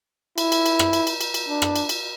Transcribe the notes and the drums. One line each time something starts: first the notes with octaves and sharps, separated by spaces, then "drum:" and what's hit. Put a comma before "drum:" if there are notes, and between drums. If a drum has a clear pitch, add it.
E4, drum: cymbal
drum: cymbal
drum: cymbal
drum: rim click
drum: cymbal
drum: cymbal
drum: cymbal
drum: cymbal
D4
drum: rim click
drum: cymbal
drum: cymbal